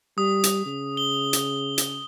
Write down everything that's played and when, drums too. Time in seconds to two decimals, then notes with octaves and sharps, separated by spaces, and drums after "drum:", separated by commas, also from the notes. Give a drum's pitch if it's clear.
0.18 G3 D#6
0.44 drum: hi-hat
0.66 C#3
0.97 G7
1.33 drum: hi-hat
1.78 drum: hi-hat